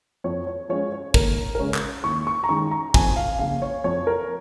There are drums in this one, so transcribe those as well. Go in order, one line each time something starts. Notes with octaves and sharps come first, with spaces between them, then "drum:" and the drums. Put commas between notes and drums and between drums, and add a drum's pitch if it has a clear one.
F2 C#5
C#5
F3 G#3 C#4 C#5
C#5
D#2 A#4, drum: kick
A#4
C#3 G#3 C#4 C#5
drum: clap
D#2 C#6
C#6
A#5
D#3 G#3 C#4 C#6
A#5
F2 G#5, drum: kick
F5
C#3 A#3 C#4 F5
C#5
F2 C#5
A#4